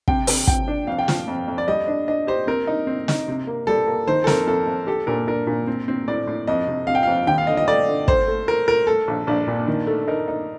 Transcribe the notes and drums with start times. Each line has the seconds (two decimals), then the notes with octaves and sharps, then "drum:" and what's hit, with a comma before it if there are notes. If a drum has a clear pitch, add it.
0.08 C3 G5, drum: kick
0.27 C3, drum: open hi-hat
0.47 C3 G5, drum: kick
0.68 D4
0.87 F2 F5
0.99 G5
1.08 F3 F5, drum: snare
1.27 F2
1.48 F2
1.58 D5
1.68 G3 D#5
1.88 D4
2.08 D4 D#5
2.27 G4 C5
2.47 C4 A#4
2.67 D#4
2.87 C4
3.08 D#4, drum: snare
3.28 C3
3.47 A#3
3.67 G3 A4
3.87 A#3
4.07 D#3 C5
4.24 A4
4.27 F2 A#4, drum: snare
4.47 F2 A4
4.67 F2
4.87 G4 A4
5.07 A#2 A#4
5.27 D4 A#4
5.47 A#2
5.67 C4
5.88 C4
6.08 A2 D5
6.27 A2
6.47 F2 D#5
6.67 C3
6.87 C3 F5
6.95 G5
7.03 F2 F5
7.27 D#2 G5
7.38 F5
7.47 D3 D#5
7.57 D#5
7.68 A3 D5
7.87 D3
8.08 A3 C5, drum: kick
8.27 A3
8.47 A3 A#4
8.68 A3 A#4
8.87 A3 A4
9.08 A#1
9.27 A#1 D4
9.47 A#2
9.67 D#3
9.87 A3
10.08 D#4 A#4
10.28 D#4